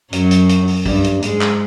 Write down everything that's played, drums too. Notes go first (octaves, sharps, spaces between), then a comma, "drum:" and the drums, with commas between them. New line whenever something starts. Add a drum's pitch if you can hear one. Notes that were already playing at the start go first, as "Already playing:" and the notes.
F#2 F#3, drum: hi-hat
drum: hi-hat
drum: hi-hat
drum: open hi-hat
G2 G3, drum: kick, open hi-hat
drum: hi-hat
G#2 G#3, drum: hi-hat
drum: clap